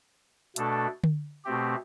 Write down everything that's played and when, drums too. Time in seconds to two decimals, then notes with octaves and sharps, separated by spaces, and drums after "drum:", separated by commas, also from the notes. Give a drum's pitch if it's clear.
0.56 B2 A3 D4 A4, drum: hi-hat
1.04 drum: tom D3
1.45 B2 A3 C4 G4